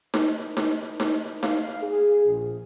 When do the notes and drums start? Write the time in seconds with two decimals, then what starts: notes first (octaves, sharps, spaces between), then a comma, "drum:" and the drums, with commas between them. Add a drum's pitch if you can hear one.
0.14 drum: snare D#4
0.57 drum: snare D#4
1.00 drum: snare D#4
1.43 F5, drum: snare D#4
1.82 G#4
2.25 A#1